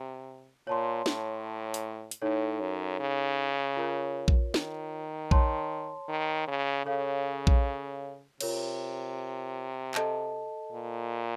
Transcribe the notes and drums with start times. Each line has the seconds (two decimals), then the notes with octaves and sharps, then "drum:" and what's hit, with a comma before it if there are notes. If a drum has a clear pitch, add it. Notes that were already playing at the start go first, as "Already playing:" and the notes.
Already playing: C3
0.67 A#2 C#5 A5 C6
1.06 A2, drum: snare
1.74 drum: hi-hat
2.11 drum: hi-hat
2.22 A2 D#4 A4 C#5
2.60 F#2
3.00 C#3
3.76 F4 A#4 C#5
4.28 drum: kick A#1
4.54 D#3, drum: snare
5.31 C#5 A5 C6, drum: kick A#1
6.09 D#3
6.47 C#3
6.86 C#3 A4 C#5 F5
7.47 drum: kick A#1
8.41 C3 F4 A#4 C#5, drum: cymbal
9.95 A4 D#5 A5, drum: clap
10.72 A#2